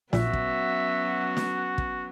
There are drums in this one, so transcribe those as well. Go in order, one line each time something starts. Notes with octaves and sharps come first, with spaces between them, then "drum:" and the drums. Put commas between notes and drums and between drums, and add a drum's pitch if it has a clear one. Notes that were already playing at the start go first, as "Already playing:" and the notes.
A#1 F#3 B3 C#4 F#4 E5, drum: snare
drum: kick
drum: snare
drum: kick